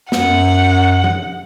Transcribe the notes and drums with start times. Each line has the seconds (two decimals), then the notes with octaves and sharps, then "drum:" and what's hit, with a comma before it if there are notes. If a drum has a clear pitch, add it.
0.12 F#2 F#5, drum: snare
1.04 drum: tom F3